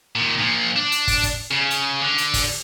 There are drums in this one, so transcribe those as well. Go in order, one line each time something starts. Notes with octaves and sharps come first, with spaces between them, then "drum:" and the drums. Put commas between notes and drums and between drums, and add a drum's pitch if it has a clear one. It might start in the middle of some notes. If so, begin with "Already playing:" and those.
A#2 D#3
A#2 F3
D4
drum: hi-hat
drum: kick, open hi-hat
drum: kick, hi-hat
C#3
drum: hi-hat
D3
drum: hi-hat
drum: kick, open hi-hat